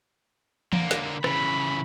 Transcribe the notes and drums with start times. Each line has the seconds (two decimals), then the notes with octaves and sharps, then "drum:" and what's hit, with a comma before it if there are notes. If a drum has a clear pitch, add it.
0.73 D3 A#3, drum: tom E3
0.91 drum: snare
1.24 C#3 E3 B5, drum: rim click